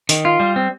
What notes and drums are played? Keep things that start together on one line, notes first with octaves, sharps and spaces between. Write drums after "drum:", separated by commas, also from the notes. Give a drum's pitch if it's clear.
D#3, drum: tambourine
F4
G3
C4